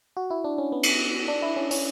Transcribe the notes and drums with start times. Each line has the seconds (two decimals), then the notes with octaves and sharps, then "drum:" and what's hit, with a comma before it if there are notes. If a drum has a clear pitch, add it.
0.17 F#4
0.30 E4
0.44 D4
0.58 C#4
0.72 B3
0.83 drum: cymbal
1.28 D4
1.42 E4
1.56 C#4
1.71 C#4, drum: open hi-hat